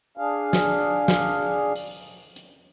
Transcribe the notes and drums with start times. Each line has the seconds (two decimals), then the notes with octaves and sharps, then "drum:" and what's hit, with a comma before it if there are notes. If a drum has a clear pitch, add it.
0.17 D4 G#4 F5
0.53 drum: snare
1.08 drum: snare
1.76 drum: open hi-hat
2.36 drum: hi-hat